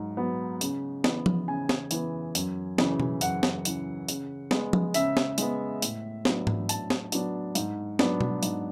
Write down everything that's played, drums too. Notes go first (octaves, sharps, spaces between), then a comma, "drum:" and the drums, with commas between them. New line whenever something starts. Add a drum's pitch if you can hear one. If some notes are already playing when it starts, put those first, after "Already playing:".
Already playing: G#2 F#3
F#3 B3
C#3, drum: hi-hat
E3 B3, drum: snare
drum: tom F3
C#3 G#5
drum: snare
E3 B3, drum: hi-hat
F#2, drum: hi-hat
C#3 E3, drum: snare
drum: tom B2
F#2 F#5, drum: hi-hat
drum: snare
C#3 E3, drum: hi-hat
C#3, drum: hi-hat
G#3 B3, drum: snare
drum: tom F3
C#3 E5, drum: hi-hat
drum: snare
G#3 B3, drum: hi-hat
A2, drum: hi-hat
F#3 B3 D4, drum: snare
drum: tom G#2
A2 A5, drum: hi-hat
drum: snare
F#3 B3 D4, drum: hi-hat
G#2, drum: hi-hat
F#3 B3 D4, drum: snare
drum: tom B2
G#2, drum: hi-hat